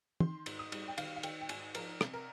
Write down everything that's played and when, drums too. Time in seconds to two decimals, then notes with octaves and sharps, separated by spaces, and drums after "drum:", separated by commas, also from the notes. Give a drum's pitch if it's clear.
0.20 D#3 C6, drum: tom
0.46 G#2, drum: cymbal
0.59 D#6
0.72 G3, drum: cymbal
0.88 G5
0.98 D#3 F5, drum: cymbal
1.16 F5
1.23 D#3 G5, drum: cymbal
1.41 G5
1.49 G#2 G#5, drum: cymbal
1.75 F3 A#4, drum: cymbal
2.01 C3, drum: rim click
2.14 A#4